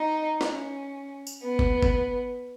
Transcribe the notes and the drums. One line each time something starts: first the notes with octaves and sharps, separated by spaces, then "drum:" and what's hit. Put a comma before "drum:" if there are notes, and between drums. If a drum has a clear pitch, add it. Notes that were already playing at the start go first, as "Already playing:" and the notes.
Already playing: D#4
C#4, drum: snare
drum: tambourine
B3
drum: kick G1
drum: kick G1